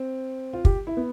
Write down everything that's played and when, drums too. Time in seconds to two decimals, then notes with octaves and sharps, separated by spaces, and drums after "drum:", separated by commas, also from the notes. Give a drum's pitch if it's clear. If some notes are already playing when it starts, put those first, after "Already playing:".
Already playing: C4
0.53 F4
0.65 G4, drum: kick
0.87 E4
0.97 B3